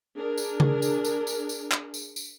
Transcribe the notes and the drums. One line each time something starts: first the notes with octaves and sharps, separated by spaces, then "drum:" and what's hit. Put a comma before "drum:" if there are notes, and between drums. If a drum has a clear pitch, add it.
D4 G#4 A#4
drum: tambourine
drum: tom C#3
drum: tambourine
drum: tambourine
drum: tambourine
drum: tambourine
drum: clap
drum: tambourine
drum: tambourine